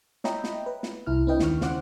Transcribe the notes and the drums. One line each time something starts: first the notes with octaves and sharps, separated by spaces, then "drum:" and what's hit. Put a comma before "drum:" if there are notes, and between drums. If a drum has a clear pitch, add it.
C#5 D#5 E5 G5 A#5 B5, drum: snare
drum: snare
B4
drum: snare
C2 E4 F6
C4 D4 E4 B4 D#5 G5
D#2 D#3 C#6 F6, drum: snare
C#3 E4 C5 F#5 D6 F#6, drum: snare